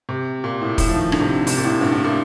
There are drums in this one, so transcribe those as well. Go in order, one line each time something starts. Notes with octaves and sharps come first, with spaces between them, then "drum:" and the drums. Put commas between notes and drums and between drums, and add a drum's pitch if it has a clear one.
C3
A#2
A2
A2, drum: kick, open hi-hat
F3
D#3
D3, drum: rim click
C3
D3
C3, drum: open hi-hat
A#2
A2
G2
A2
A#2